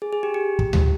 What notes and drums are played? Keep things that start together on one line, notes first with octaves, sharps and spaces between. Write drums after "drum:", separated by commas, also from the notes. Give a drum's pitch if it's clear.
G#4
G#4
G4
G4
drum: kick
drum: tom D2